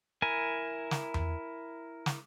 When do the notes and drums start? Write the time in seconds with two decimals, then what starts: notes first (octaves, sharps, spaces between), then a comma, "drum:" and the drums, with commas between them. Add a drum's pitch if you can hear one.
0.22 E4 A#4 G#5
0.91 drum: snare
1.14 drum: tom E2
2.06 drum: snare